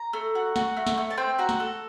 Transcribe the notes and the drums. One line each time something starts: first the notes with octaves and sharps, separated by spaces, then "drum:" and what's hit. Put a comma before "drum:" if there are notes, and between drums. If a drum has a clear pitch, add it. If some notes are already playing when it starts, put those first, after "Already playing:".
Already playing: A#5
A3
F#4
F#4, drum: snare
A3
drum: snare
A3
A5
C4 G5
F#4 A#5
drum: snare
A4